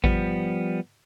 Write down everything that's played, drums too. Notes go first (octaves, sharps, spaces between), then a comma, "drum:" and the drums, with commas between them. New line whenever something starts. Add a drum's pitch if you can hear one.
F3 G3 B3, drum: kick A1